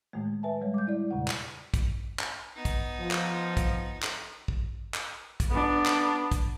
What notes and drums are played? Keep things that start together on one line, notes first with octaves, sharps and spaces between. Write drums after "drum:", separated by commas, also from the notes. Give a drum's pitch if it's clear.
A2 D#3 G#3 A3
B4 E5 G#5 A5
G3 G#3 C#5
D6 G6
E4 D5
E2 A#2 C#3 F#5
drum: clap
drum: kick, hi-hat
drum: clap
B3 D#4
drum: kick, hi-hat
F3
drum: clap
drum: kick, hi-hat
drum: clap
drum: kick
drum: clap
drum: kick, hi-hat
B3 D4
drum: clap
drum: kick, hi-hat